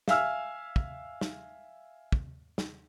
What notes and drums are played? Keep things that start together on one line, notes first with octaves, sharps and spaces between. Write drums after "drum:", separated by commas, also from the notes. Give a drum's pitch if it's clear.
E5 F5 G#5 E6 F6, drum: snare
drum: kick
drum: snare
drum: kick
drum: snare